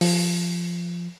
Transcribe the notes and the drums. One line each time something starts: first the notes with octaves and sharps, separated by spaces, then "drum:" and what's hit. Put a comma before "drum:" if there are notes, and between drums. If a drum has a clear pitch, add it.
F3, drum: open hi-hat